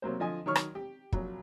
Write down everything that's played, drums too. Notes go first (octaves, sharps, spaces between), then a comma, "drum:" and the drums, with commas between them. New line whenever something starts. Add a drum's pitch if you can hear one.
C3 F#3 A#3 C5
D3 F3 D#5 G#5
D#3 F#3 C#5 C#6 F6
drum: rim click
G4
A#1 F#3, drum: kick